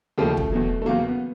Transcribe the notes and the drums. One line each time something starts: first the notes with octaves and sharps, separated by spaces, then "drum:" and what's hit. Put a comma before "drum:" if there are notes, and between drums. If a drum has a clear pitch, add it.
D#2 C#3 F3 A3
drum: kick
E2 B2 F#3
A3
E2 C#3 F#3 A#3
B3